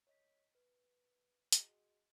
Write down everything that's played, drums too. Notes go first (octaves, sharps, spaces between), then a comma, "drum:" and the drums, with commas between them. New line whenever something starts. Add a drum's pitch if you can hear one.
C#5 D#5 B6
B4
F#4 G#4 D#5, drum: hi-hat